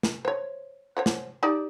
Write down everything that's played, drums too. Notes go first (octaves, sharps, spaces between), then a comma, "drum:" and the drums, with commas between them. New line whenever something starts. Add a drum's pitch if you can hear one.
drum: snare
C5 C#5
C5 C#5 F#5
drum: snare
D#4 G4 D5